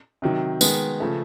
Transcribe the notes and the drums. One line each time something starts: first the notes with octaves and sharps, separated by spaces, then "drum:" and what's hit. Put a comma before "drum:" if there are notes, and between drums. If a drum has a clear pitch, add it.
C3 D#3 F#3
D#3 G#3 B3, drum: tambourine
C#3 F3 A3